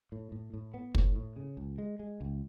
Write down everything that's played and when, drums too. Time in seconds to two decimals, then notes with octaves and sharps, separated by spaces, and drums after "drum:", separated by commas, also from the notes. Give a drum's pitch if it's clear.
0.12 A2
0.32 A2
0.54 A2
0.74 B3
0.95 A2, drum: kick
1.15 A2
1.36 C#3
1.57 C#2
1.78 G#3
1.99 G#3
2.21 C#2